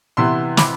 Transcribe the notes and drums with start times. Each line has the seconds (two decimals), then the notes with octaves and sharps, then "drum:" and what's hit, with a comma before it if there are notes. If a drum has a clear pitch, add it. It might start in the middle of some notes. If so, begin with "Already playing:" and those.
0.17 C3 E3 B3 E4 C6 E6
0.57 B5 D6, drum: snare